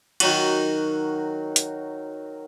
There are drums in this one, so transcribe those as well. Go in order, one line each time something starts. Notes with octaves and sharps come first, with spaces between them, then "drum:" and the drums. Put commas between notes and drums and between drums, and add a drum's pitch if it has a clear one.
D#3 F#3 F#4, drum: cymbal
drum: hi-hat